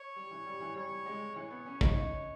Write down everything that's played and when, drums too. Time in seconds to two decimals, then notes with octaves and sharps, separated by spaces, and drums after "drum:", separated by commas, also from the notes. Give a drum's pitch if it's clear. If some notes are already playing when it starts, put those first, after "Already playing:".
Already playing: C#5
0.16 G3
0.31 E3
0.46 G3
0.61 E3
0.76 G3 C#5
1.06 G#3
1.36 E3 C#5
1.51 B3
1.66 C#4
1.81 D#4, drum: kick
1.96 D#4